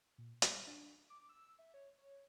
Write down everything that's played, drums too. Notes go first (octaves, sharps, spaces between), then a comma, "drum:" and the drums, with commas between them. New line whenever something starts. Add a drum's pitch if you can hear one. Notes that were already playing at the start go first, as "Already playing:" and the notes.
A#2
G3, drum: hi-hat
D4
D6
E6
E5
C#5
C#5